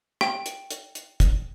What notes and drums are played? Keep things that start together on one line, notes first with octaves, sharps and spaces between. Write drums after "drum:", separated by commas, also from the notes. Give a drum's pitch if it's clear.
G5, drum: rim click
drum: hi-hat
drum: hi-hat
drum: hi-hat
drum: kick, hi-hat